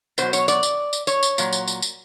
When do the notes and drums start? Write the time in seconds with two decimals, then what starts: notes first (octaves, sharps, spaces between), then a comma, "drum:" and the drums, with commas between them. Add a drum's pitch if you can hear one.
0.18 B2 F#3 C5, drum: tambourine
0.33 C#5, drum: tambourine
0.48 D5, drum: tambourine
0.63 drum: tambourine
0.93 drum: tambourine
1.07 C#5, drum: tambourine
1.23 drum: tambourine
1.38 A#2 F#3, drum: tambourine
1.53 drum: tambourine
1.68 drum: tambourine
1.82 drum: tambourine